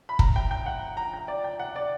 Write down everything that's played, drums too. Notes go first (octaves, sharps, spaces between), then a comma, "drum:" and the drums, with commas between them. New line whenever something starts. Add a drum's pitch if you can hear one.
B5
A#5, drum: kick
G5
G5
F#5
A#5
G5
D5
G5
F#5
D5